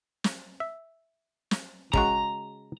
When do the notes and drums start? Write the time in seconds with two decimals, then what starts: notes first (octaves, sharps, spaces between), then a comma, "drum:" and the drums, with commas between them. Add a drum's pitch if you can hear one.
0.24 drum: snare
0.60 E5
1.51 drum: snare
1.94 C#3 G#3 F#4 A#5, drum: kick